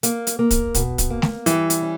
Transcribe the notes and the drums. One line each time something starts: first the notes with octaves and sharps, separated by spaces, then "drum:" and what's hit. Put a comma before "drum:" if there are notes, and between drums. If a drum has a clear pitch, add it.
A#3, drum: hi-hat
drum: hi-hat
A#3
drum: kick, hi-hat
B2, drum: kick, hi-hat
drum: kick, hi-hat
A#3
drum: snare A3
E3 G3, drum: hi-hat
drum: hi-hat
C#4